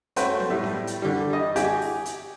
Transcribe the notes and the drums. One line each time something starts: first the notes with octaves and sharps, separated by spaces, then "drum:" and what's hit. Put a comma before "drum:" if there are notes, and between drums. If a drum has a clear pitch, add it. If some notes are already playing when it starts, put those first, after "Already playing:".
A3 C#4 F#4 B4 C5 G5, drum: hi-hat
drum: snare B3
A2 G3
drum: snare B3
drum: hi-hat
D3 G3
G3 D#5
F#4 G4 G5 G#5 D6, drum: hi-hat
drum: open hi-hat
drum: hi-hat